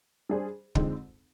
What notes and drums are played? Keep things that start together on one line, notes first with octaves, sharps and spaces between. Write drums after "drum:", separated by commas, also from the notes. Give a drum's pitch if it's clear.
G3 D4 G#4 C5
F2 D3 G#3 C4 D#4, drum: kick